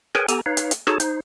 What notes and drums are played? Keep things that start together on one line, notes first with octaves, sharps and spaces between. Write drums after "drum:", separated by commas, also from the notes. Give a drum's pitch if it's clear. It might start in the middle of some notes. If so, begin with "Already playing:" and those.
G#4 A#4 B4 C#5 G5 G#5, drum: rim click
B3 G4 A4 G#5 A#5, drum: hi-hat
D#4 B4 C#5 F5
drum: hi-hat
drum: hi-hat
D#4 F#4 G#4 A4 C#5 A5, drum: rim click
D#4 C5, drum: hi-hat